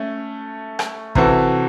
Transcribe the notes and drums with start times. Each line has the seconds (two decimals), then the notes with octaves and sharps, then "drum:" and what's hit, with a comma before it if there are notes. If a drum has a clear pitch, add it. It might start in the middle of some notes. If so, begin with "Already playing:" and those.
Already playing: A3 C#4
0.79 drum: rim click
1.15 C3 E3 C4 F#4 A4, drum: kick